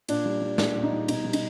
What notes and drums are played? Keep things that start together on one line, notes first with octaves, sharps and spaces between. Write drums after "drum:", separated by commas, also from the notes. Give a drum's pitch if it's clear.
A#2 D4, drum: cymbal
G3
G3
A#2 D4, drum: snare
A#2
D#4
G3
B2 D#4, drum: cymbal
G3
D#4, drum: cymbal